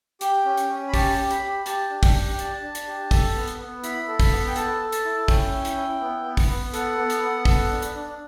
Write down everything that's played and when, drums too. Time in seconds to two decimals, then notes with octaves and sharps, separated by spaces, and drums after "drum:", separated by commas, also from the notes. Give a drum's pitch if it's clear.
0.21 G4 G5, drum: hi-hat
0.46 C#4
0.57 drum: hi-hat
0.70 C#4
0.89 B5
0.94 G4 A5, drum: kick, open hi-hat
1.17 G4
1.31 B5, drum: hi-hat
1.42 G4
1.66 G4 A5, drum: hi-hat
1.90 D4
2.03 G5, drum: kick, open hi-hat
2.15 G4
2.34 G5
2.39 D4 A5, drum: hi-hat
2.62 D4
2.75 drum: hi-hat
2.87 G4
3.11 A4, drum: kick, open hi-hat
3.35 B3
3.47 drum: hi-hat
3.59 B3
3.84 E4 B5, drum: hi-hat
4.08 A4
4.20 B5, drum: kick, open hi-hat
4.31 B3
4.47 G5
4.56 A4 A5, drum: hi-hat
4.80 A4
4.92 A5, drum: hi-hat
5.05 E4
5.28 C#4 G5, drum: kick, open hi-hat
5.53 E4
5.65 drum: hi-hat
5.77 E4
6.01 B3
6.26 B3
6.37 drum: kick, open hi-hat
6.49 B3
6.73 A4 F#5, drum: hi-hat
6.98 B3
7.10 drum: hi-hat
7.22 B3
7.45 A4, drum: kick, open hi-hat
7.70 D4
7.82 drum: hi-hat
7.95 D4